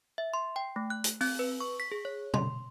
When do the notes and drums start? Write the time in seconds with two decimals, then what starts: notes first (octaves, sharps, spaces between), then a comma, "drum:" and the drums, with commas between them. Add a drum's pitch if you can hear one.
0.18 E5
0.34 C6
0.56 G5
0.76 A3
0.90 F#6
1.04 drum: hi-hat
1.21 C4, drum: open hi-hat
1.39 B4
1.61 C#6
1.80 B6
1.92 G#4
2.05 C#5
2.34 C6, drum: tom B2